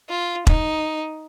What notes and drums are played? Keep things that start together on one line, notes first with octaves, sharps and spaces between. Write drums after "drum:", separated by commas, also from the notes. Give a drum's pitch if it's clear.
F4
D#4, drum: kick E1